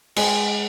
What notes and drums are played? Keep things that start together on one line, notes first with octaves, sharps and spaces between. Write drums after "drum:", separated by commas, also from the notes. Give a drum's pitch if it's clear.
G#3, drum: cymbal